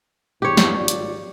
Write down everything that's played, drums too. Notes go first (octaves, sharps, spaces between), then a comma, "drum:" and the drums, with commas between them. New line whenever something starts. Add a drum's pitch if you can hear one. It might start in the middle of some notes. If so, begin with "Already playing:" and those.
E2 G2 G4 C#5
drum: snare
G#1 F4 D5
drum: hi-hat